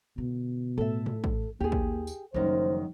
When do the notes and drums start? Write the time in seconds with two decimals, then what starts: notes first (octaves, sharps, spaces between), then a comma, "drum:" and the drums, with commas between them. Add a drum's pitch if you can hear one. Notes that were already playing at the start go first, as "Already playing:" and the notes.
0.18 B2 D3
0.78 A2 A4 E5
1.06 drum: tom
1.24 drum: kick A1
1.60 D#2 A#3 G4 G#4
1.72 drum: kick A1
2.07 drum: tambourine
2.34 F#1 F#2 D#3 F3 G3 C5